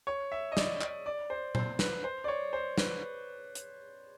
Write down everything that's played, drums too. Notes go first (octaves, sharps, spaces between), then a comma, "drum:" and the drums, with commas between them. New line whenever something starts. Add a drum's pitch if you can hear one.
C#5
E5
D#5
D5, drum: snare
D5, drum: clap
D5
C5
C5, drum: tom A#2
B4, drum: snare
C5
D5
C#5
C5
B4, drum: snare
drum: hi-hat